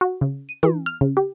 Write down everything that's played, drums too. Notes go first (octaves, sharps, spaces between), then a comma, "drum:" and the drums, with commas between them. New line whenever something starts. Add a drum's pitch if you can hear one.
F#4
C#3
D#7
E3, drum: tom
F6
C#3
G4